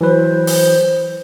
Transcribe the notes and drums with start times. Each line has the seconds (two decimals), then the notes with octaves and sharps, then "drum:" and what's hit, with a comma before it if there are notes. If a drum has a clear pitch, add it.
0.01 E3 F#3 B4 C5
0.47 drum: open hi-hat